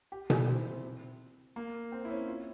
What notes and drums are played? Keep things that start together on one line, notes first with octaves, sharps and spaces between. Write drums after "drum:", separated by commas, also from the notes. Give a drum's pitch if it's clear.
G4
E4, drum: tom B2
C4
A#3
C4
E4
C#4
F4